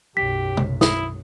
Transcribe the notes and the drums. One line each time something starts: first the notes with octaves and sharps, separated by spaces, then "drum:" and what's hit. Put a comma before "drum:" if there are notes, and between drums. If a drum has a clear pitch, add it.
B1 F#2 G4 B6
drum: tom
E4 D#6, drum: snare